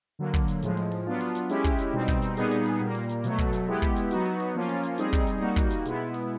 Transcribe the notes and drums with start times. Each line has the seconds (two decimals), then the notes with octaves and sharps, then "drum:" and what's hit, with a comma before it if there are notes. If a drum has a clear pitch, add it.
0.19 D3 F#3 A#3
0.34 drum: kick
0.48 drum: hi-hat
0.63 A2 F3 G#3, drum: hi-hat
0.77 drum: open hi-hat
0.92 drum: open hi-hat
1.06 F#3 B3 D4 F4
1.21 drum: open hi-hat
1.35 drum: hi-hat
1.50 G#3 C#4 E4 G4, drum: hi-hat
1.64 drum: kick, hi-hat
1.79 drum: hi-hat
1.93 B2 G3 C4 D#4
2.08 drum: kick, hi-hat
2.22 drum: hi-hat
2.37 A#2 G3 B3 D#4 G#4, drum: hi-hat
2.51 drum: open hi-hat
2.66 drum: open hi-hat
2.81 A#2 G3 A#3
2.95 drum: open hi-hat
3.09 drum: hi-hat
3.24 B2 F#3 A3, drum: hi-hat
3.38 drum: kick, hi-hat
3.53 drum: hi-hat
3.67 G#3 B3 E4 G4
3.82 drum: kick
3.96 drum: hi-hat
4.11 F#3 B3 D#4 F#4, drum: hi-hat
4.26 drum: open hi-hat
4.40 drum: open hi-hat
4.55 F3 A#3 C#4 F4
4.69 drum: open hi-hat
4.84 drum: hi-hat
4.98 G3 C4 D#4 G#4, drum: hi-hat
5.13 drum: kick, hi-hat
5.27 drum: hi-hat
5.42 G3 A#3 D#4 F#4
5.56 drum: kick, hi-hat
5.71 drum: hi-hat
5.86 B2 G#3 B3 E4, drum: hi-hat
6.14 drum: open hi-hat